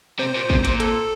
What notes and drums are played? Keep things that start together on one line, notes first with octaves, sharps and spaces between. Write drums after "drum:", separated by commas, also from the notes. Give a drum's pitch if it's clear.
C3 C5
A#2
C3, drum: kick
A#2, drum: hi-hat
A4, drum: hi-hat